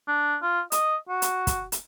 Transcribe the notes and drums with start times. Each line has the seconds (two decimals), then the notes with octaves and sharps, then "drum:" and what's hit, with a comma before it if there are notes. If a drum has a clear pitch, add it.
0.08 D4
0.42 F4
0.72 D#5, drum: hi-hat
1.09 F#4
1.22 drum: hi-hat
1.47 drum: kick, hi-hat
1.72 drum: hi-hat